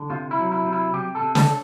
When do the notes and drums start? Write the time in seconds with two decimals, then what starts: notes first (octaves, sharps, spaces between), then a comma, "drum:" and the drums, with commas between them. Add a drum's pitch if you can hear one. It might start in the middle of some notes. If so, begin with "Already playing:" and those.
Already playing: D3
0.10 C3 F4
0.31 E4
0.38 F#3
0.52 E4
0.65 C3
0.73 E4
0.94 C3 G4
1.15 A4
1.22 C3
1.35 A4, drum: snare